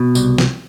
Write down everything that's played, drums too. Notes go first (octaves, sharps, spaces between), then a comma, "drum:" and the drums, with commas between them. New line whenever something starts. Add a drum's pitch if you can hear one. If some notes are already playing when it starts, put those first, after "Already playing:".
Already playing: B2
C2, drum: tambourine
drum: snare